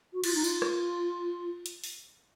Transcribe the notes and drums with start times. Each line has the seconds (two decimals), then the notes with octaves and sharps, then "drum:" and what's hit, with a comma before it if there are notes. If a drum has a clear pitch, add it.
0.13 F#4
0.24 F4, drum: cymbal
0.34 D#4
0.44 F4, drum: tambourine
0.62 drum: rim click
1.66 drum: hi-hat
1.84 drum: open hi-hat